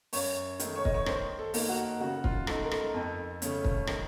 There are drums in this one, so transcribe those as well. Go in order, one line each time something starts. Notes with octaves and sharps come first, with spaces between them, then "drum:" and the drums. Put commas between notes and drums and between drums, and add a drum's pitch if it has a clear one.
F#2 C#5, drum: open hi-hat
D#3 A3, drum: hi-hat
C#5
D#5, drum: kick
C#5
D#3 C5, drum: rim click
A4
A#3 D#4, drum: open hi-hat
F#4
C#3 F#4
F4, drum: kick
A3 D#4 A4, drum: rim click
A#4
A4, drum: rim click
F2
C#3 A3 C#4, drum: hi-hat
drum: kick
D#3, drum: rim click